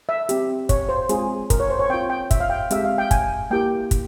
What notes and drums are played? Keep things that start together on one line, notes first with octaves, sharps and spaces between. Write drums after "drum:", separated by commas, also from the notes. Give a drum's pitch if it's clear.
E5
C4 G4, drum: hi-hat
C#5, drum: kick, hi-hat
C5
G#3 C4 F4 G#4, drum: hi-hat
A#4, drum: kick, hi-hat
C#5
C5
C#5
C4 F4 G5
G5
E5, drum: kick, hi-hat
F5
G5
G#3 C4 G4 E5, drum: hi-hat
F5
G5
G#5, drum: kick, hi-hat
A#3 E4 G4 G5
drum: kick, hi-hat